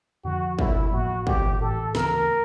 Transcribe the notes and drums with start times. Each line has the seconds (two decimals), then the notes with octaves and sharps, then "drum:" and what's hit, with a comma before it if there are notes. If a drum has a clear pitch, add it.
0.24 F2 D3 F3 F#4
0.59 E2 B2 G3 E4, drum: kick
0.92 A1 A2 F3 A#3 F#4
1.27 A#1 G#2 E3 G4, drum: kick
1.61 A1 A2 E3 A4
1.95 D2 C#3 E3 A3 A#4, drum: snare